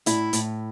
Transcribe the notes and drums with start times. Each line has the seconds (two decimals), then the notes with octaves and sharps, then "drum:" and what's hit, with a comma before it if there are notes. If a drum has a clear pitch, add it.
0.06 A2 E4, drum: hi-hat
0.33 A2, drum: hi-hat